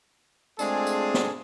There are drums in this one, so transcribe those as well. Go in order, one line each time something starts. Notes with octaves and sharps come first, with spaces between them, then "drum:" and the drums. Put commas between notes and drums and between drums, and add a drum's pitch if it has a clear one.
G#3 A3 C4 D4 F4 G#4, drum: tambourine
drum: tambourine
drum: snare